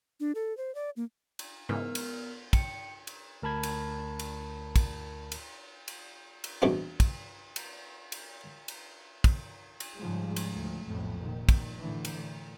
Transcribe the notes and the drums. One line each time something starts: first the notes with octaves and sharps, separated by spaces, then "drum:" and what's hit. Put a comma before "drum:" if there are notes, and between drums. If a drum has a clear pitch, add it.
D4
A4
C5
D5
A#3
drum: cymbal
G#2 C#3 E3 B3 A#4 F6
drum: cymbal
G5 C#7, drum: kick, cymbal
drum: cymbal
D2 A#4 A5 B5 G#6
drum: cymbal
drum: cymbal
drum: kick, cymbal
drum: cymbal
drum: cymbal
drum: cymbal
E2 G2 B2 A3 C4 D4
drum: kick, cymbal
drum: cymbal
drum: cymbal
drum: cymbal
drum: kick, cymbal
drum: cymbal
G#2 C#3 F3 G3 G#3
drum: cymbal
D2 F3 A3
B1 F2 A2
F1 A#2 D#3
drum: kick, cymbal
A2 D3 E3
drum: cymbal
A2